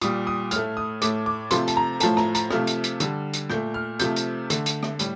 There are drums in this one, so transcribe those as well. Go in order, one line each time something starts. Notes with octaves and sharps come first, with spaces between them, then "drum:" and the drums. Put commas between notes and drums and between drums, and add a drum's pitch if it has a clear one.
A#2 G3 D#6, drum: hi-hat
D#6
A2 A3 F6, drum: hi-hat
D#6
A2 A3 D6, drum: hi-hat
D6
C3 F3 A3 C6, drum: hi-hat
A5, drum: hi-hat
A#5
A2 F3 A3 A5, drum: hi-hat
A#5, drum: rim click
A#5, drum: hi-hat
C3 F3 A3 F6, drum: rim click
drum: hi-hat
drum: hi-hat
D3 G3, drum: hi-hat
drum: hi-hat
A#2 A3 G6, drum: rim click
F6
C3 F3 A3 G6, drum: hi-hat
drum: hi-hat
D3 A3, drum: hi-hat
drum: hi-hat
drum: rim click
A2 G3, drum: hi-hat